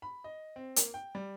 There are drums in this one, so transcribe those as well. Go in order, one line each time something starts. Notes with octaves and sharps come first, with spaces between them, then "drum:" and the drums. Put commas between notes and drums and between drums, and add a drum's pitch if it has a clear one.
B5
D#5
C4
A#3, drum: hi-hat
G5
G3